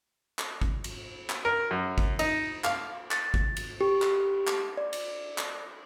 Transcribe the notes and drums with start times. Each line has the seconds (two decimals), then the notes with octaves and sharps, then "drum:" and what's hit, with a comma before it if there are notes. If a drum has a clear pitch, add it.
0.39 drum: clap
0.62 drum: kick
0.84 drum: cymbal
1.30 drum: clap
1.45 A#4
1.71 F#2
1.98 drum: kick
2.19 D#4, drum: cymbal
2.64 F5, drum: clap
3.11 A6, drum: clap
3.34 drum: kick
3.57 drum: cymbal
3.81 G4
4.02 drum: clap
4.47 drum: clap
4.77 D5
4.93 drum: cymbal
5.38 drum: clap